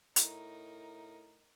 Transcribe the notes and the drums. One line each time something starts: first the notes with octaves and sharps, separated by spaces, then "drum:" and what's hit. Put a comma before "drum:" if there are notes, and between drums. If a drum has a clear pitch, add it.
A2 D#4 A#4, drum: hi-hat